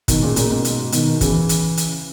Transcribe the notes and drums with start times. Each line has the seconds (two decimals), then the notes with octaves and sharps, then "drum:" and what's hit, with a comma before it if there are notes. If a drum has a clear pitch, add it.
0.08 B2 D#3, drum: kick, hi-hat
0.22 A#2 C#3
0.36 A#2 C#3, drum: hi-hat
0.50 G#2 B2
0.65 drum: hi-hat
0.92 B2 D#3, drum: hi-hat
1.21 C#3 E3, drum: kick, hi-hat
1.49 drum: hi-hat
1.77 drum: hi-hat